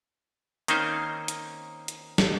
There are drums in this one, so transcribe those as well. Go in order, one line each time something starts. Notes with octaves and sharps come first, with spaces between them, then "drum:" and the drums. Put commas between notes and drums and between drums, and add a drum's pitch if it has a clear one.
D#3 A#3 C4 C#4 D#4 C5, drum: hi-hat
drum: hi-hat
drum: hi-hat
drum: snare